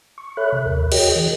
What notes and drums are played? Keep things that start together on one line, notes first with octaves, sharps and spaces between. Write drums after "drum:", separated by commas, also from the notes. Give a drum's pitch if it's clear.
C#6
A4 C#5 E5 B5 F#6
C3
D#2 A#4
F#4 G#4 A#4 C#5 D#5 G5, drum: cymbal
E3